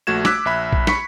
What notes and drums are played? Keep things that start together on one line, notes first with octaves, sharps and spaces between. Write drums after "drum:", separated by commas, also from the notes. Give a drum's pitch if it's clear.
A#1 A3 F#4 G#6 E7
D6 E6 F#6 B6, drum: snare
A#1 E5 B5
drum: kick A#1
B5 C#6 B6 C#7, drum: snare